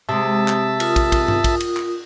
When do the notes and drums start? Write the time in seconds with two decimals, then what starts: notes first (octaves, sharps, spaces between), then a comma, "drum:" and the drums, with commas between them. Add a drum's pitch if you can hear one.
0.09 C3 G#3 E5 A5 D#6
0.48 drum: clap
0.80 F4 A#4 D#6, drum: cymbal
0.96 drum: kick, cymbal
1.12 drum: kick, cymbal
1.28 drum: tom G2
1.44 drum: kick, cymbal
1.60 drum: cymbal
1.77 drum: clap